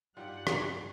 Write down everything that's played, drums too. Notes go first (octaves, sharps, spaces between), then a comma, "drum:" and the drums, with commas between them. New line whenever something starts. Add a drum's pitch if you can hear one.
G2 G3 D#4 F4 G4 F#5
drum: rim click